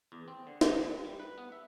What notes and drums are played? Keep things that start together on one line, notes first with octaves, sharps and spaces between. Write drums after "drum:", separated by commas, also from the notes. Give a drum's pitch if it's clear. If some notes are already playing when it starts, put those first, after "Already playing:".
E2
C4
D3
F#3, drum: snare
D3
G3
G3
B4
B3
E5